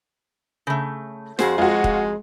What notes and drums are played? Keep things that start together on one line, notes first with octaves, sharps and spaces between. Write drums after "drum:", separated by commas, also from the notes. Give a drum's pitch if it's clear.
C#3 A3
F2 F#4 G#4 C5, drum: snare
G#3 F4 F#4
drum: kick